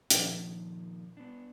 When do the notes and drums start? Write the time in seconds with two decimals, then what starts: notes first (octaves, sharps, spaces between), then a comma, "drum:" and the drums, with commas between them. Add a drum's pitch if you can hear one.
0.10 A#2 D#3 F3, drum: hi-hat
1.17 B3 D4